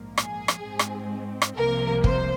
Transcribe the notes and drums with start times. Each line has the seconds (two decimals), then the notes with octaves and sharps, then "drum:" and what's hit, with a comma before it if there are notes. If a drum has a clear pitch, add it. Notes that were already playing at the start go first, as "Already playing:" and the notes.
Already playing: A#1 G#2 F3 A#3
0.18 G#4, drum: rim click
0.48 drum: rim click
0.64 G#2 G#3 C4
0.79 drum: rim click
1.42 drum: rim click
1.57 C2 C3 F3 A#3 A#4
2.04 C5, drum: kick